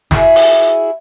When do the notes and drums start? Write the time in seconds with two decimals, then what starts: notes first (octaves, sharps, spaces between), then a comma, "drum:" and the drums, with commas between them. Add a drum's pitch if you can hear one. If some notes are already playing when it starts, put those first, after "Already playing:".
0.11 E4 F#4 G#4, drum: snare
0.36 drum: open hi-hat